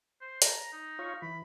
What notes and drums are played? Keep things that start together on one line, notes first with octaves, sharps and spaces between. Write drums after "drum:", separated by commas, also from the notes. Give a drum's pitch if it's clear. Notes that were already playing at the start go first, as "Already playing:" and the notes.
C5
A#5, drum: hi-hat
D#4
F4 C#5
E3 B5